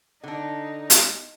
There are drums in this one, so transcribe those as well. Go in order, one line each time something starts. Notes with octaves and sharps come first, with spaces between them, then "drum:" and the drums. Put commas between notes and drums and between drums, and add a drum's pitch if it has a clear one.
D3 D4 D#4
drum: hi-hat